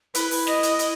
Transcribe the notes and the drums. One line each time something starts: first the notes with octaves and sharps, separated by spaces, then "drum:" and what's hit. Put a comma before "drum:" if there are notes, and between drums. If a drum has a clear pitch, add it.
E4 B4, drum: hi-hat
drum: open hi-hat
D#5, drum: snare
drum: hi-hat
drum: hi-hat